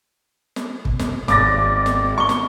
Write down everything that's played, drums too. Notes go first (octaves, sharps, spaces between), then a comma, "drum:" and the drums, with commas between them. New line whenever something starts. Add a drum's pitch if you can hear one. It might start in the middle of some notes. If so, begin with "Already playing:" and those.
drum: snare
drum: kick
drum: snare
G#1 D5 D6 A6 A#6, drum: snare
drum: snare
C#6 G7
drum: snare